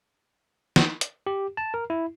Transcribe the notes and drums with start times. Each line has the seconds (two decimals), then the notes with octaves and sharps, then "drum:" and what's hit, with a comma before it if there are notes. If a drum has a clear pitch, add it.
0.76 drum: snare
1.01 drum: hi-hat
1.27 G4
1.57 A5
1.74 A#4
1.90 E4